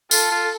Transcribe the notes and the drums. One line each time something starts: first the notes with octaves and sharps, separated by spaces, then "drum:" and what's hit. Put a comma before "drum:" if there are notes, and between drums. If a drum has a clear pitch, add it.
F4 A4, drum: tambourine
F4